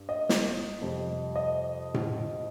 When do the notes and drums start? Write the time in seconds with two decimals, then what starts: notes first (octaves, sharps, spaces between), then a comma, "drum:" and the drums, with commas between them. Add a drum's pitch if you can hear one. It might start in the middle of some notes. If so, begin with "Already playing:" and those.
Already playing: G2
0.09 D#5
0.29 drum: snare
0.81 F2 C3 G3
1.36 D#5
1.94 drum: tom A2